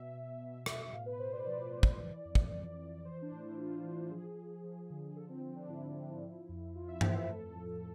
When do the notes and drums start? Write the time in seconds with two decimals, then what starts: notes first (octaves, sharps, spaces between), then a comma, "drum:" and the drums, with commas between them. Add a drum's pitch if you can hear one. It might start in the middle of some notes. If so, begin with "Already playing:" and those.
Already playing: B2 E5
0.14 B2
0.40 B2
0.66 B2, drum: rim click
0.93 A2 F5
1.06 B4
1.19 A2 C5
1.33 D5
1.46 F3 D5
1.73 F3
1.83 drum: kick
2.00 E3
2.25 F2
2.35 drum: kick
2.52 F2
2.79 E3
3.05 E3 C5
3.22 D4
3.31 A2
3.40 E4
3.57 A2 F4
3.84 E3
4.11 F3 G#4
4.37 F3
4.64 F3
4.90 D3
5.16 F3 A4
5.29 C4
5.42 F3 C4
5.56 D4
5.69 G#2 E4
5.95 F3
6.23 F3
6.49 F2
6.75 F2 F4
6.88 E5
7.01 F2 C5, drum: tom G2
7.15 B4
7.28 A2 A4
7.54 F3